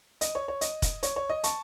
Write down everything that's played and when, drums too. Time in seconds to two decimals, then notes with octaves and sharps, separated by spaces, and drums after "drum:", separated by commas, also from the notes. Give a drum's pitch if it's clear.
0.21 D#5, drum: hi-hat
0.35 C#5
0.48 C#5
0.61 D#5, drum: hi-hat
0.82 drum: kick, hi-hat
1.03 C#5, drum: hi-hat
1.16 C#5
1.30 D#5
1.44 A5 C#6, drum: hi-hat